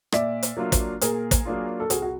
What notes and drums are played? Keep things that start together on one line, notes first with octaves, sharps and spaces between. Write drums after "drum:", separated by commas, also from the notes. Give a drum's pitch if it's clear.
A#2 D5 E5, drum: rim click
drum: hi-hat
F#3 A#3 D4 F4
drum: kick, hi-hat
A#2 G#4 A#4, drum: hi-hat
drum: kick, hi-hat
F#3 A#3 D4 F4
A4
C2 F#4 G#4, drum: hi-hat
F#4